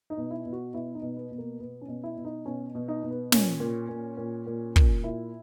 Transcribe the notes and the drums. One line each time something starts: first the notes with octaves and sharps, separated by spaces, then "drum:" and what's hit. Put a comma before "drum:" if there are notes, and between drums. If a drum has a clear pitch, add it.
D#4
B2
E4
B2
F#4
B2 E4
D#4
B2
B3
B2
A#3
B2 B3
C#4
B2
E4
B2
D#4
B2 C#4
B2
D#4
B2
B3
A#2 C#4, drum: snare
A#2
A#2
A#2
A#2
A#2, drum: kick
A#2 E4